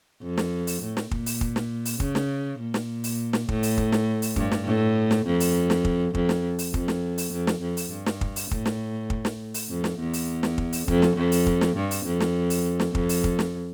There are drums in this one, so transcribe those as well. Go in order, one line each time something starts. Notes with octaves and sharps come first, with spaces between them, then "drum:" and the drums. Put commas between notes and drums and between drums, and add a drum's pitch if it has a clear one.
F2
drum: snare
drum: open hi-hat
A2
drum: snare
A#2, drum: kick
drum: open hi-hat
drum: kick
drum: snare
drum: open hi-hat
C#3, drum: kick
drum: snare
A#2
drum: snare
drum: open hi-hat
drum: snare
A2, drum: kick
drum: open hi-hat
drum: kick
drum: snare
drum: open hi-hat
G2, drum: kick
drum: snare
A2
drum: snare
F2
drum: open hi-hat
drum: snare
drum: kick
F2, drum: kick
drum: snare
drum: open hi-hat
F2, drum: kick
drum: snare
drum: open hi-hat
F2
drum: snare
F2
drum: open hi-hat
G2
drum: snare
drum: kick
drum: open hi-hat
A2, drum: kick
drum: snare
drum: kick
drum: snare
drum: open hi-hat
F2
drum: snare
E2
drum: open hi-hat
drum: snare
drum: kick
drum: open hi-hat
F2, drum: kick
drum: snare
F2
drum: open hi-hat
drum: kick
drum: snare
G2
drum: open hi-hat
F2
drum: snare
drum: open hi-hat
drum: snare
F2, drum: kick
drum: open hi-hat
drum: kick
drum: snare